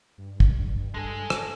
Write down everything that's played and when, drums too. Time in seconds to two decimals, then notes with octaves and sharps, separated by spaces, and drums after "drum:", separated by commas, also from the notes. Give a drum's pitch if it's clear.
0.18 G2
0.40 drum: kick
0.94 G#3 G#4 A4
1.30 drum: rim click